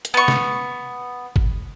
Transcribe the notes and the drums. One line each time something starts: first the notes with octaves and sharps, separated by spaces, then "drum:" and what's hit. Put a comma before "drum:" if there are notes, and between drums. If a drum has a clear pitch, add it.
drum: hi-hat
B3 C#6
drum: snare
drum: kick